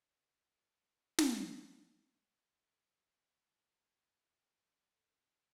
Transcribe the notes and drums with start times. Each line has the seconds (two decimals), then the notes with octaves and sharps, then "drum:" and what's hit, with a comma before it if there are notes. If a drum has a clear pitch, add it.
0.15 E3
1.18 drum: snare
2.58 A4 B4 E5 D6
4.96 A4